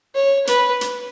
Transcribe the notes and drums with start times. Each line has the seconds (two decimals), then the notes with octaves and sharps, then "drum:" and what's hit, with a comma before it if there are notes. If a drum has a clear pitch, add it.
0.15 C#5
0.47 B4, drum: hi-hat
0.81 drum: hi-hat